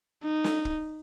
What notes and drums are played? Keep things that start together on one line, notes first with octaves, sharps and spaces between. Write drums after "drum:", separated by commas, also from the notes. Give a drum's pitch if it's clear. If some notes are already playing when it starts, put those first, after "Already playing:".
D#4
drum: snare
drum: kick